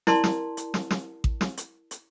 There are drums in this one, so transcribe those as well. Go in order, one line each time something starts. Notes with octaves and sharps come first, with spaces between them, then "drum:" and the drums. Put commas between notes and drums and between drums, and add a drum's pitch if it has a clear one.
E4 A#4 D5 A5 C6, drum: snare
drum: snare
drum: hi-hat
drum: snare
drum: snare
drum: kick A1
drum: snare
drum: hi-hat
drum: hi-hat